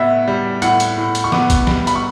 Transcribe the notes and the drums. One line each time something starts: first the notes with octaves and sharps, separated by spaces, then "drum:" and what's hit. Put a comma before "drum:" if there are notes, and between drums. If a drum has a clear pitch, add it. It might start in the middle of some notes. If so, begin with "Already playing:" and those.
Already playing: A2 B3 E5 F#5
G3
A2 F#5, drum: hi-hat
drum: hi-hat
A2
drum: hi-hat
C#6
B3 D6, drum: snare
drum: kick, hi-hat
G3, drum: snare
B5, drum: hi-hat
C#6